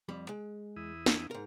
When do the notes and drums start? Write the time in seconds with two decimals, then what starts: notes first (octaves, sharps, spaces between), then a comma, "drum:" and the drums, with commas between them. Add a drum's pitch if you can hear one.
0.09 F2 G3 B5
0.29 G#3
0.76 E2 E4 D#6
1.06 drum: snare
1.31 G#2 A#4